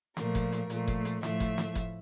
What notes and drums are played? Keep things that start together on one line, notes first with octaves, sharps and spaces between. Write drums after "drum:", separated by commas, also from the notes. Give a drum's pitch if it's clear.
A#2 F3 A3 A#4, drum: snare
drum: kick F#1, hi-hat
drum: hi-hat
A#2 F3 A3, drum: hi-hat
drum: kick F#1, hi-hat
drum: hi-hat
A2 F3 A3 E5, drum: snare
drum: kick F#1, hi-hat
drum: snare
drum: kick F#1, hi-hat